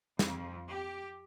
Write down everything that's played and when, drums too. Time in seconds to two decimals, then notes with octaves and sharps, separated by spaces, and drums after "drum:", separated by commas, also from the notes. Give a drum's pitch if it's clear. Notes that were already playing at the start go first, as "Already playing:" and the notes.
0.19 F2, drum: snare
0.69 G4